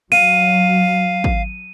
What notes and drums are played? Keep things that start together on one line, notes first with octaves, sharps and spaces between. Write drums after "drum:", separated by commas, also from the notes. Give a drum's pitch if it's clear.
F#3 F5 D#7, drum: cymbal
drum: kick G#1